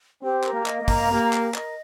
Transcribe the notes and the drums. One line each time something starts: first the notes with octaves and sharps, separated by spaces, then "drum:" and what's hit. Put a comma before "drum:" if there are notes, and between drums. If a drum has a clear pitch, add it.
C4 G4
A#4, drum: clap
A#3
D#5, drum: clap
A#3
A#5, drum: kick, open hi-hat
A#3 G4
A#4, drum: clap
D#5, drum: clap